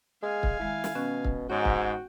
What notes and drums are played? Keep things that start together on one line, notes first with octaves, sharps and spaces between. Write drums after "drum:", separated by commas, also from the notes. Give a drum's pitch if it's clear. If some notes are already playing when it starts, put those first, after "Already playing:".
G#3 F5 G#5
drum: kick
D#3 G#3 E4
drum: snare
B2 B3 C#4 F#6
drum: kick
G#2 F#4 C#5 G5 G#5
drum: kick